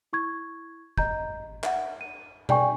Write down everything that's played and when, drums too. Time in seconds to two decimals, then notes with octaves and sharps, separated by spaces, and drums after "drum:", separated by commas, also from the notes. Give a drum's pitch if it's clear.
0.13 E4 C#6 G#6
0.98 D#5 A#5 G6, drum: kick
1.63 E5 F#5, drum: clap
2.01 D#7
2.49 G#4 D5 G5 G#5 C#6, drum: tom B2